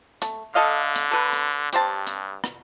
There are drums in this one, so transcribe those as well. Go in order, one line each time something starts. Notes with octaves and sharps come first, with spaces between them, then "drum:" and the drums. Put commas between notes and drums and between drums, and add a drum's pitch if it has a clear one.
A3, drum: hi-hat
D3 A4 D#5 F5
drum: hi-hat
A4 B4
drum: hi-hat
G2 G4 C5 A5, drum: hi-hat
drum: hi-hat
drum: rim click